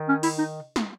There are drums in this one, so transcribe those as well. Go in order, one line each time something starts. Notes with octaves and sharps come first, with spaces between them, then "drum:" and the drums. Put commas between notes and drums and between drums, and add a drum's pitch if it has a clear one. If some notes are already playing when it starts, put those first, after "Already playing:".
Already playing: D#3
C#4
E4, drum: open hi-hat
D#4
drum: snare